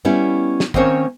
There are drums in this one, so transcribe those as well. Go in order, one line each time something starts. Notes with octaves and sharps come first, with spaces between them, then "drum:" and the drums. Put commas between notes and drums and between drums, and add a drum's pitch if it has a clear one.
G3 B3 C#4 E4
drum: snare
D#3 A#3 C4 C#4 C5 C#5, drum: kick